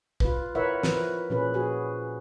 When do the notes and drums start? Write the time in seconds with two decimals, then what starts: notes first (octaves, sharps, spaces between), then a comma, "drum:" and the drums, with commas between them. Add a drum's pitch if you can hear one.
0.20 F4 B4, drum: kick
0.55 E4 A#4 B4 C#5 E5 F#5
0.83 F3 B4, drum: snare
1.30 A#2 F3 C#4 G#4 B4
1.54 F#4 G#4